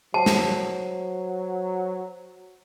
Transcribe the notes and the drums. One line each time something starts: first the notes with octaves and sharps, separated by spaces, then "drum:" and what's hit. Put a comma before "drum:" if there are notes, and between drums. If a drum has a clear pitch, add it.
F#3 C5 A5
drum: snare